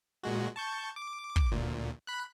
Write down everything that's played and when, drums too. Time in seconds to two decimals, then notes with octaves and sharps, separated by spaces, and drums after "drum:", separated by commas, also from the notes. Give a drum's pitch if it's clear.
0.23 A#2 G#3 F#4
0.56 A5 C#6 G6
0.96 D6
1.36 drum: kick
1.51 D2 A#2
2.07 B5 F#6